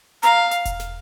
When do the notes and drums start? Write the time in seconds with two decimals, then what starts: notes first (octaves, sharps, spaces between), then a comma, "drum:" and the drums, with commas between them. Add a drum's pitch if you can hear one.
0.23 F5 A#5, drum: hi-hat
0.51 drum: hi-hat
0.65 drum: kick E1, hi-hat
0.80 drum: snare